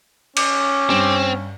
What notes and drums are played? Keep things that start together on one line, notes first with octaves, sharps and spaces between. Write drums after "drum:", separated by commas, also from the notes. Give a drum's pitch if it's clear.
C#4 D6, drum: cymbal
G2 C4